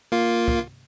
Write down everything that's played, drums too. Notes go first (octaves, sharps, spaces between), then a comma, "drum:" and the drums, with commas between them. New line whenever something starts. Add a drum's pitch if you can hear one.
A#3 F4
drum: kick